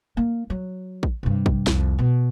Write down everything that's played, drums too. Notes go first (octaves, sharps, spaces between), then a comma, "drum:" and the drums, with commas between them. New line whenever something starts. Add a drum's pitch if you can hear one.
A#3
F#3
drum: kick
G2 C3
drum: kick
C2 F2, drum: snare
B2